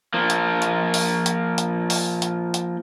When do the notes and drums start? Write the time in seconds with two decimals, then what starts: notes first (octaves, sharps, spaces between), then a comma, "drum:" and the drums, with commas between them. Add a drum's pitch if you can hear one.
0.14 F3 A#3
0.30 drum: hi-hat
0.62 drum: hi-hat
0.94 drum: open hi-hat
1.26 drum: hi-hat
1.58 drum: hi-hat
1.90 drum: open hi-hat
2.22 drum: hi-hat
2.54 drum: hi-hat